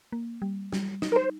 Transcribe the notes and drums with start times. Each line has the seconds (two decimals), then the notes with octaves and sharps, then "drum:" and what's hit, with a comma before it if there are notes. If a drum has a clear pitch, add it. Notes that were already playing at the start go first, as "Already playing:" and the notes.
0.12 A#3
0.42 G3
0.73 G3, drum: snare
1.02 D#4, drum: snare
1.12 A#4
1.16 C5